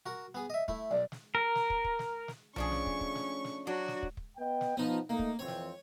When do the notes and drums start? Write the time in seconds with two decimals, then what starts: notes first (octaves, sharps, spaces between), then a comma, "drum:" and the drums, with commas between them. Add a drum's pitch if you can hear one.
0.06 F#4 A#4
0.35 B3 G#4
0.50 D#5 E5
0.68 A3 E4, drum: kick
0.91 B1 D5
1.12 drum: snare
1.35 A#4
1.55 drum: snare
1.70 drum: kick
1.85 drum: kick
1.99 drum: snare
2.28 drum: snare
2.56 F3 A3 C#4 D4 G#4 C#6, drum: tom B1
2.72 drum: snare
2.86 drum: kick
3.01 drum: kick
3.15 drum: snare
3.44 drum: snare
3.67 F#3 D4 F#4
3.88 drum: snare
4.03 drum: kick
4.17 drum: kick
4.37 B3 D#5 G5
4.61 drum: snare
4.77 F3 B3 D#4
5.09 A3 A#3 D#4
5.19 drum: kick
5.39 F2 E3 C4 C#5 C#6
5.48 drum: snare